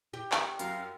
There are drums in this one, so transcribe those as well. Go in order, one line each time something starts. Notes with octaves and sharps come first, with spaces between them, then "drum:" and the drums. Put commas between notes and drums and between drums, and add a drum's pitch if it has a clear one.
G4
drum: clap
F#2 A#4 F5 A#5, drum: hi-hat